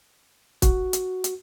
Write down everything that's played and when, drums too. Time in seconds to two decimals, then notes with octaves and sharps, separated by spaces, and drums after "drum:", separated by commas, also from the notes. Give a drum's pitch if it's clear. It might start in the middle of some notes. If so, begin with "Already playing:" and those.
0.62 F#4, drum: kick, hi-hat
0.93 drum: hi-hat
1.24 drum: hi-hat